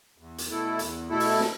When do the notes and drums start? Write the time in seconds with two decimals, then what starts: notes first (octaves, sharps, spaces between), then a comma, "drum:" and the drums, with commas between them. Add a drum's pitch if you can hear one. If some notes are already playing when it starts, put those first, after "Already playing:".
0.18 E2
0.38 drum: hi-hat
0.48 B2 A3 E4 A4
0.79 E2, drum: hi-hat
1.09 B2 A3 E4 A4
1.20 drum: open hi-hat
1.40 drum: snare